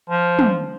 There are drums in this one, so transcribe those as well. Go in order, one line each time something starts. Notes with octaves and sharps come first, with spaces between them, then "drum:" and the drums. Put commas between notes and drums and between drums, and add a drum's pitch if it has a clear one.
F3
drum: tom